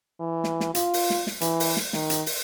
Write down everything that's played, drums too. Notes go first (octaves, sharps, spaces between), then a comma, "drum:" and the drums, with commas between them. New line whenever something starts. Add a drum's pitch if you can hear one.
E3
drum: snare
drum: snare
F4, drum: hi-hat
drum: open hi-hat
drum: snare
drum: snare
E3, drum: hi-hat
drum: open hi-hat
drum: snare
D#3, drum: snare
drum: hi-hat
drum: open hi-hat